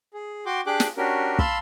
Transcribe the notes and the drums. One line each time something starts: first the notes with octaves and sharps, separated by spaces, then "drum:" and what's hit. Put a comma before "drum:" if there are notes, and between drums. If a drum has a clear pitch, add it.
G#4
F#4 G5 C6 D6
D4 G4 G#4 G5 D6 F#6
drum: snare
C#4 D4 F#4 G4 A#4
F5 A5 B5 C6 E6, drum: kick